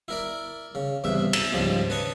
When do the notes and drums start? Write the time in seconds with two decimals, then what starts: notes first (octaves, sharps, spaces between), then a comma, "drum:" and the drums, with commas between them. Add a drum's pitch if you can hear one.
0.08 E4 A#4 D5
0.75 C#3
1.04 E2 G2 C3 E5
1.33 E5, drum: cymbal
1.53 C#2 G#2 F3 G3
1.90 B4 C#5 D#5 A5 C#6